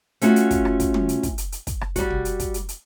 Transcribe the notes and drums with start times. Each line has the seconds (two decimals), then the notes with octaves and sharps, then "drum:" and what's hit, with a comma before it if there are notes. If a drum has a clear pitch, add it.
0.21 A3 C#4 F4 F#4, drum: hi-hat
0.36 drum: hi-hat
0.51 drum: kick, hi-hat
0.65 drum: rim click
0.80 drum: kick, hi-hat
0.94 drum: tom
1.09 drum: hi-hat
1.23 drum: kick, hi-hat
1.38 drum: hi-hat
1.52 drum: hi-hat
1.67 drum: kick, hi-hat
1.81 drum: rim click
1.96 G3 F#4, drum: kick, hi-hat
2.10 drum: tom
2.25 drum: hi-hat
2.40 drum: kick, hi-hat
2.54 drum: hi-hat
2.69 drum: hi-hat